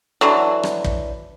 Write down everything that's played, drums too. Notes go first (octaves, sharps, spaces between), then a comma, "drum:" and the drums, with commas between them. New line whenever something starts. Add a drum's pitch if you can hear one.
D3 E3 F#3
drum: rim click
drum: kick